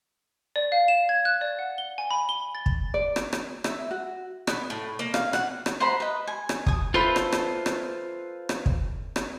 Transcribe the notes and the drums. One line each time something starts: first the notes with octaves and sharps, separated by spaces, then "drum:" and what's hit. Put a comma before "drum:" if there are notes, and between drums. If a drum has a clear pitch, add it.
D5
F5
E7
G#6
F#6
D5
F#5
G7
G#5
B5
G7
A6
drum: kick
D5
drum: rim click
drum: rim click
E5, drum: rim click
F#4
B3, drum: rim click
A2
A#3
F5, drum: rim click
F#5, drum: rim click
drum: rim click
C5 F#5 A#5 B5
B4 D#5
G#5
drum: rim click
G#5 D#6, drum: kick
F4 A4 B4 C5 E5 B5
drum: rim click
drum: rim click
drum: rim click
drum: rim click
drum: kick
drum: rim click